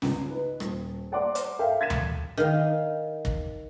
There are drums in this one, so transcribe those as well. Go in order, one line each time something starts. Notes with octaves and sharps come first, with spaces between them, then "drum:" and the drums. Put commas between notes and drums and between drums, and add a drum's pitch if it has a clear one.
C#2, drum: snare
D#4 B4
D#1, drum: rim click
C#5 D5 F#5 A#5 C6 D6
drum: hi-hat
A4 A#4 E5 F5 G5
G#6 A6 B6 D#7 E7
drum: tom D2
D#3 F5
drum: kick